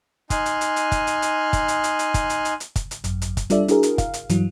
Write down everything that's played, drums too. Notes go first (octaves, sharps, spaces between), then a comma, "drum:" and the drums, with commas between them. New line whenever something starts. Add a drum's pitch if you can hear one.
D#4 G#5 C6 D#6 F6 F#6, drum: kick, hi-hat
drum: hi-hat
drum: hi-hat
drum: hi-hat
drum: kick, hi-hat
drum: hi-hat
drum: hi-hat
drum: kick, hi-hat
drum: hi-hat
drum: hi-hat
drum: hi-hat
drum: kick, hi-hat
drum: hi-hat
drum: hi-hat
drum: hi-hat
drum: kick, hi-hat
drum: hi-hat
G#1 F#2, drum: hi-hat
drum: hi-hat
drum: kick, hi-hat
G3 D4 F4 A4 D5 E5, drum: hi-hat
D4 E4 F#4 G#4 A#4, drum: hi-hat
drum: hi-hat
F5, drum: kick, hi-hat
drum: hi-hat
G2 E3 F#3, drum: hi-hat